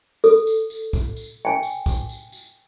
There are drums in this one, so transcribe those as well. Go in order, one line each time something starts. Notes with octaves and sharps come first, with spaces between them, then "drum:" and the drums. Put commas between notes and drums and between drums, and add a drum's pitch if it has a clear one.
A4, drum: tambourine
drum: tambourine
drum: tambourine
drum: kick, tambourine
drum: tambourine
G5 G#5
drum: tambourine
drum: kick, tambourine
drum: tambourine
drum: tambourine